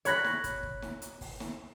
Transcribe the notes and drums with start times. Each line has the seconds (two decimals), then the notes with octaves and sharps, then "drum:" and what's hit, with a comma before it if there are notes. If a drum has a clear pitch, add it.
0.05 C#5 B5 F#6 A#6 B6, drum: hi-hat
0.24 drum: snare
0.44 drum: kick, hi-hat
0.63 drum: kick
0.82 drum: snare
1.02 drum: hi-hat
1.21 drum: kick, open hi-hat
1.40 drum: snare